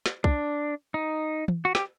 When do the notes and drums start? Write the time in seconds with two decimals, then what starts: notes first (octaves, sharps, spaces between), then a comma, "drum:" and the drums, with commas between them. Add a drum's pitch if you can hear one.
0.06 drum: snare
0.24 D4, drum: kick
0.94 D#4
1.48 drum: tom E3
1.65 F#4
1.75 G4, drum: snare